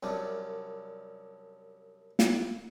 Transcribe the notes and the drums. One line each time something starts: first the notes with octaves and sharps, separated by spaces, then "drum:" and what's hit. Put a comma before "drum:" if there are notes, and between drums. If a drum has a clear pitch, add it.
C2 F#2 D4
drum: snare